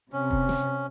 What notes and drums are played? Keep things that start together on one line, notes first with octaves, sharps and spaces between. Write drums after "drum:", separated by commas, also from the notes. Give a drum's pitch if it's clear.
C3 C#4
drum: kick E1
drum: snare